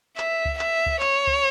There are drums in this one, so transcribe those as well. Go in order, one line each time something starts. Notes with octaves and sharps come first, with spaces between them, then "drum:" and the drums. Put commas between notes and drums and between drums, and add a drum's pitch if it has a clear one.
E5, drum: clap
drum: kick C#2
E5, drum: clap
drum: kick C#2
C#5, drum: clap
drum: kick C#2